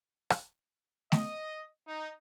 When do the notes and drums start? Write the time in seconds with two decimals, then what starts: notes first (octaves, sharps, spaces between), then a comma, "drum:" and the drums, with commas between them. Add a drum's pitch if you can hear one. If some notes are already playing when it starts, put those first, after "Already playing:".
0.30 drum: rim click
1.12 D#5, drum: snare A3
1.86 D#4